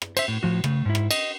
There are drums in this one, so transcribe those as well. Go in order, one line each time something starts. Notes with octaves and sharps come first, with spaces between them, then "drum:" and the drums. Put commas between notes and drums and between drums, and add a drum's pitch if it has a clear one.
drum: rim click
C5 E5, drum: cymbal
A2
A2 F3 F#4
C#3 A3, drum: rim click
G#2 E4
drum: rim click
D#5, drum: cymbal